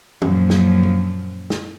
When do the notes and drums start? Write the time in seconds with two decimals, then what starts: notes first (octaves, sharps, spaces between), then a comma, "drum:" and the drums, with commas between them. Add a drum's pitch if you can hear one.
0.22 F#2 A#2 F3, drum: tom
0.50 drum: snare
0.83 drum: tom F#3
1.50 drum: snare